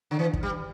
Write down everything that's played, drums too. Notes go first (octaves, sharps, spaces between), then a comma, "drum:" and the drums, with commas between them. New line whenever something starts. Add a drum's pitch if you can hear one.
D3
E3
drum: kick
G3